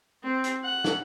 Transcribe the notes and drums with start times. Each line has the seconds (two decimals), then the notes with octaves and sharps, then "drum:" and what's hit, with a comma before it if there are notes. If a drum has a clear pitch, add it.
0.23 C4
0.44 drum: hi-hat
0.65 F#5
0.84 drum: snare